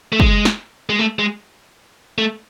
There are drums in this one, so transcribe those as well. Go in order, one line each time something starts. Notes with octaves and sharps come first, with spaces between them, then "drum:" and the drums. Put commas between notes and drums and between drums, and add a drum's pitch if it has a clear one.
A3
G#3, drum: kick
drum: snare
G#3
A3
G#3
A3